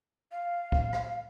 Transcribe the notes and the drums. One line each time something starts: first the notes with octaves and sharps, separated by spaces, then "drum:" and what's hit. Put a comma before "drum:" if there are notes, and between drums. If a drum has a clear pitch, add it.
F5
drum: kick
drum: rim click